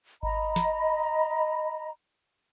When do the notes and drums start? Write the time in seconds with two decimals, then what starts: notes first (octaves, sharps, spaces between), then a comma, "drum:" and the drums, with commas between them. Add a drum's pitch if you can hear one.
0.23 D#5 A#5 B5, drum: kick G#1
0.56 drum: snare